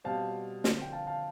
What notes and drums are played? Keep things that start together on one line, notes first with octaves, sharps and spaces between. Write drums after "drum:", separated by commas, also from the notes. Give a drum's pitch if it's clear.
B2 G3 C4 F5 A5
D3 F3 C4, drum: snare
G5
F5 A5
F5 A5